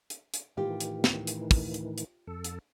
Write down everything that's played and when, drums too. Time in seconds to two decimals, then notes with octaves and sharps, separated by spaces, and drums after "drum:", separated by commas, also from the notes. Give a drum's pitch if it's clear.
0.10 drum: hi-hat
0.34 drum: hi-hat
0.57 A2 D#3 E3 F4 G4
0.80 drum: hi-hat
1.04 drum: snare
1.27 drum: hi-hat
1.51 drum: kick, open hi-hat
1.74 drum: hi-hat
1.98 drum: hi-hat
2.27 F2 A4
2.44 drum: hi-hat